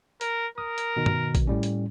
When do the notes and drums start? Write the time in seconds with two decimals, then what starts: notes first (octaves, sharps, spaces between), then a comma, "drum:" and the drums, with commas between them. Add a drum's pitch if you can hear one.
0.21 A#4, drum: hi-hat
0.58 A#4 D#6
0.78 drum: hi-hat
0.96 B2 D#3
1.06 drum: tom G2
1.35 drum: kick, hi-hat
1.47 A2 G3 C#4
1.63 drum: hi-hat